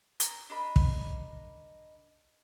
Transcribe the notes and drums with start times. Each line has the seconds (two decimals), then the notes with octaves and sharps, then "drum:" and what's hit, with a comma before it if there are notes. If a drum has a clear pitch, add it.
0.20 A#5, drum: hi-hat
0.50 D4 A#4 D#5 B5
0.76 drum: kick